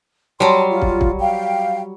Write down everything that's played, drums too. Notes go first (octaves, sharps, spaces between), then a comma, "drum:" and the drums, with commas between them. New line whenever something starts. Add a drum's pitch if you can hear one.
F#3 G3 A5 C6
F4
drum: kick
drum: kick
F5 G5